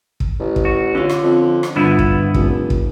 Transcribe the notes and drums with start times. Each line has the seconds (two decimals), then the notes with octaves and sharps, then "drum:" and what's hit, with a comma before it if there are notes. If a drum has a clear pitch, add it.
0.20 drum: kick
0.40 A1
0.56 drum: kick
0.65 F#4
0.95 D3 C#4 F4
1.09 drum: rim click
1.23 F2
1.63 drum: rim click
1.76 G2 D3 F3 B3 E4
1.99 drum: kick
2.34 F1, drum: kick
2.70 drum: kick